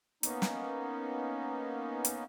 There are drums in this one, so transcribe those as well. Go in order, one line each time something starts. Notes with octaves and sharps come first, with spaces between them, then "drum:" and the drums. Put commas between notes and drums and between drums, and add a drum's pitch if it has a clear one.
A#3 B3 C#4 D#4, drum: hi-hat
drum: snare
drum: hi-hat